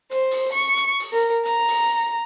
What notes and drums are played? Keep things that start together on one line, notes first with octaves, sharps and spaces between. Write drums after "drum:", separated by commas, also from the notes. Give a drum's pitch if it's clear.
C5, drum: hi-hat
drum: open hi-hat
C#6
drum: hi-hat
drum: open hi-hat
A#4
A#5, drum: hi-hat
drum: open hi-hat